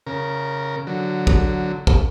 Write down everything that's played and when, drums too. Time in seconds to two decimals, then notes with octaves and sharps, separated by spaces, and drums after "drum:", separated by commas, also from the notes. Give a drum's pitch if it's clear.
0.07 C#3 A#4
0.87 D3 F#3
1.27 drum: kick
1.87 drum: kick